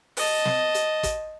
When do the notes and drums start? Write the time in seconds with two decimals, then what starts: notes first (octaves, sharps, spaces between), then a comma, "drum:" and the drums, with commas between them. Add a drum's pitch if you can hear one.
0.17 D#5 A5, drum: open hi-hat
0.46 drum: snare
0.74 drum: hi-hat
1.03 drum: kick, hi-hat